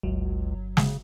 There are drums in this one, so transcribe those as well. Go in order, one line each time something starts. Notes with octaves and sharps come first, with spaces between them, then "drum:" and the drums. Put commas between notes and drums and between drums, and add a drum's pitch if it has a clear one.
G1 C#2 F#3
C#3, drum: snare